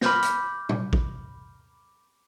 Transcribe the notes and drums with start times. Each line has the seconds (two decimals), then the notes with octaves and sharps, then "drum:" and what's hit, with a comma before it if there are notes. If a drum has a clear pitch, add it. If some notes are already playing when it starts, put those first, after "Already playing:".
0.01 B5 D6 F6 G6 A#6, drum: snare
0.22 drum: hi-hat
0.69 drum: tom A#2
0.93 drum: kick